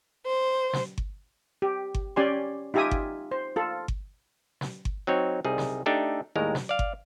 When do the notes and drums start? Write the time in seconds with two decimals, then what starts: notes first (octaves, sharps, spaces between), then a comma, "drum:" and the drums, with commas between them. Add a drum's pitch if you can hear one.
0.25 C5
0.73 drum: snare
0.98 drum: kick G1
1.62 G4
1.94 drum: kick G1
2.16 C#4 G4 D5 G#5 C6
2.74 D#4 F4 G4 E5 G#5 D#6
2.91 drum: kick G1
3.31 C5
3.56 F4 A4
3.88 drum: kick G1
4.61 drum: snare
4.85 drum: kick G1
5.07 F#3 C4 D#4 C#5
5.45 C2 G3 D#4 G#4
5.58 drum: snare
5.86 A3 D4 D#4 G4 A4
6.35 D#2 A2 G3 G#3 A#4 A#5
6.55 drum: snare
6.69 D5 F5
6.79 drum: kick G1